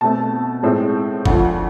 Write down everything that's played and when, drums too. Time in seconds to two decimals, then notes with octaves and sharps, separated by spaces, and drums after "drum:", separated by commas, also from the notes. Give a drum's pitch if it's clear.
0.01 B2 A3 C4 A5
0.63 A2 G#3 C4
1.25 D2 D3 F3, drum: kick F#1